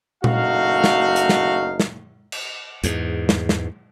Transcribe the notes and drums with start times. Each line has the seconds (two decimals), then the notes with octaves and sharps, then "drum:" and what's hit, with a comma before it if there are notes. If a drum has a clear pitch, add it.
0.24 F#1 A3 D#4 F#4 F5, drum: tom A#2
0.84 drum: snare
1.16 drum: hi-hat
1.29 drum: snare
1.80 drum: snare
2.32 drum: cymbal
2.84 E2 G#2, drum: hi-hat
3.29 drum: snare
3.49 drum: snare